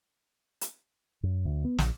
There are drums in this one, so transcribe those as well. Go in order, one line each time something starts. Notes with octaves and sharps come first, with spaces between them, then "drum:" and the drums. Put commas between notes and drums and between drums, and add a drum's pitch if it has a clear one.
drum: hi-hat
F#2
D2
B3
A#1, drum: snare